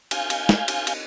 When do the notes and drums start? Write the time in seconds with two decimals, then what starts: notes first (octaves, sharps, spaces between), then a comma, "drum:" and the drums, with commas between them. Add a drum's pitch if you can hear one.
0.11 F5 G#5 G6, drum: cymbal
0.30 drum: cymbal
0.49 drum: snare
0.68 drum: cymbal
0.87 drum: cymbal